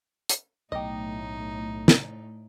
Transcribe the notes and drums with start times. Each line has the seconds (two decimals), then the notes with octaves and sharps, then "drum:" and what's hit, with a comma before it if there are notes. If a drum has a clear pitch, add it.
0.29 drum: hi-hat
0.72 B1 A2 D#4 G4 D#5
1.88 drum: snare